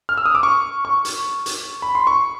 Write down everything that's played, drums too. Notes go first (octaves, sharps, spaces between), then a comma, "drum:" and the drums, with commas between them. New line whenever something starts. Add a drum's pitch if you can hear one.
F6
E6
D#6
D6
C#6
C#6
drum: hi-hat
drum: hi-hat
B5
C6
C#6